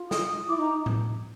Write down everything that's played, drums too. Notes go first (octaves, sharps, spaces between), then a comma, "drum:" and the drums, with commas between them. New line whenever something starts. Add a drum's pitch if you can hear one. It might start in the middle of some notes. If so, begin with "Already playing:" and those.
Already playing: F4
D#6, drum: snare
E4 D6
D#4
A#5
drum: tom A2